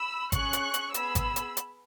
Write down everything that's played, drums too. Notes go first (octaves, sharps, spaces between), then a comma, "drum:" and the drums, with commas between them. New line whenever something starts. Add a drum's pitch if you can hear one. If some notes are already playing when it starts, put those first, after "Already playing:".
Already playing: B5 E6
C#4 G#4 C#6 F#6, drum: kick G#1, hi-hat
drum: hi-hat
drum: hi-hat
B3 G#4 B5 E6, drum: hi-hat
drum: kick G#1, hi-hat
drum: hi-hat
drum: hi-hat